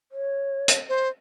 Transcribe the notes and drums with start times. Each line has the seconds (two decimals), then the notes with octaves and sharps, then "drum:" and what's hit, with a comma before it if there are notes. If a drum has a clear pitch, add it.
0.12 C#5
0.68 drum: hi-hat
0.89 C5